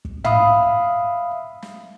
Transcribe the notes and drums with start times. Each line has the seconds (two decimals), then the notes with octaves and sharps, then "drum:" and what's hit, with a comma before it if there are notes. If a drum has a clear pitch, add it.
0.05 drum: kick
0.24 E5 F5 B5 D#6, drum: tom
1.62 drum: snare